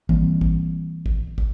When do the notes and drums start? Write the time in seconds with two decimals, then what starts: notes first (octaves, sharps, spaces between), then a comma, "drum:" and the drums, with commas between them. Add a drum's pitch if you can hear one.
0.09 E3 G3 A#3 C4, drum: kick
0.41 drum: kick
1.06 drum: kick
1.38 drum: kick